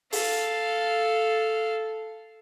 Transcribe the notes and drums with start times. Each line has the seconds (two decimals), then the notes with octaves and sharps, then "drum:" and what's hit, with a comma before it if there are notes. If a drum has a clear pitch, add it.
0.12 A4 F5, drum: open hi-hat